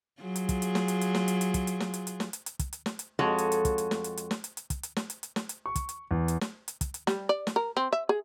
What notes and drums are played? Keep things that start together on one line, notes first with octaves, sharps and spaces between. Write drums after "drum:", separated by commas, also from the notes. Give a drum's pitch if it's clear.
F#3 F4 G#4
drum: hi-hat
drum: kick, hi-hat
drum: hi-hat
drum: snare
drum: hi-hat
drum: hi-hat
drum: snare
drum: hi-hat
drum: hi-hat
drum: kick, hi-hat
drum: hi-hat
drum: snare
drum: hi-hat
drum: hi-hat
drum: snare
drum: hi-hat
drum: hi-hat
drum: kick, hi-hat
drum: hi-hat
drum: snare
drum: hi-hat
F2 G#3 F#4 A4 C#5
drum: hi-hat
drum: hi-hat
drum: kick, hi-hat
drum: hi-hat
drum: snare
drum: hi-hat
drum: hi-hat
drum: snare
drum: hi-hat
drum: hi-hat
drum: kick, hi-hat
drum: hi-hat
drum: snare
drum: hi-hat
drum: hi-hat
drum: snare
drum: hi-hat
C#6
drum: kick, hi-hat
drum: hi-hat
E2
drum: hi-hat
drum: snare
drum: hi-hat
drum: kick, hi-hat
drum: hi-hat
G3, drum: snare
D5
drum: snare
A#4
C4
E5
G#4